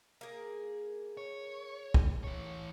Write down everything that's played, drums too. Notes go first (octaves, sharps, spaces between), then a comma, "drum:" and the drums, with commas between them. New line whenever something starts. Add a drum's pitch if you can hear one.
A#3 G#4
C#5
drum: kick
E3 C#5